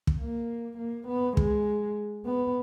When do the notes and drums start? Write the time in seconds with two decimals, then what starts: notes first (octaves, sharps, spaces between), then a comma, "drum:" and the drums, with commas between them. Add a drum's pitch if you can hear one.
0.07 drum: kick
0.19 A#3
0.78 A#3
1.08 B3
1.37 G#3, drum: kick
2.26 B3